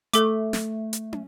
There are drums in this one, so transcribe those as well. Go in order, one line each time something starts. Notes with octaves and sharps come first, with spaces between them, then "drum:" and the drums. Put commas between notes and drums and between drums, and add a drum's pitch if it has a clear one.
A3 A4 D6, drum: hi-hat
drum: snare
drum: hi-hat
drum: tom